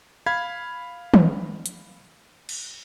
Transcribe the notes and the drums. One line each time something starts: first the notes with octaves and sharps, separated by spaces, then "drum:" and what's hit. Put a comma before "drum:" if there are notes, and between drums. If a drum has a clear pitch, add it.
F5 B5 G#6
drum: tom D#3
drum: hi-hat
drum: cymbal